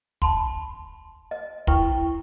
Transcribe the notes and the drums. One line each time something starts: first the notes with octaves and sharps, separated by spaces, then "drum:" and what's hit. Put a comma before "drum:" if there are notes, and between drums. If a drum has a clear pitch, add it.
A5 B5 C6, drum: kick
D#5
E4 B4 G5 C#6, drum: kick